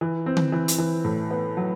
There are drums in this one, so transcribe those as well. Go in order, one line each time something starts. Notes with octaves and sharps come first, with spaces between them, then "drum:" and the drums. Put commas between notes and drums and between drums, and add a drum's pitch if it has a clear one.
E3
C4
drum: tom D3
E3
drum: hi-hat
E3
A2
B3
F#3